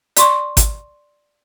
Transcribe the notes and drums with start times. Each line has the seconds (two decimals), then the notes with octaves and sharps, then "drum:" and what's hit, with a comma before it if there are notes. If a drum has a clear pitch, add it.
0.16 D5 C6 C#6, drum: hi-hat
0.57 drum: kick G#1, hi-hat